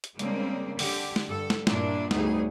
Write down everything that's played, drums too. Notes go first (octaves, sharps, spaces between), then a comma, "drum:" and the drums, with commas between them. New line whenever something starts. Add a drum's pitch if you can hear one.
drum: hi-hat
C#3 G3 G#3 A#3 C4 D4, drum: hi-hat
D3 G4, drum: open hi-hat
drum: snare
G2 A4
drum: snare
G2 A#2 A#3 D4 E4, drum: snare
D2 A2 G3 B3 D#4 G#4, drum: snare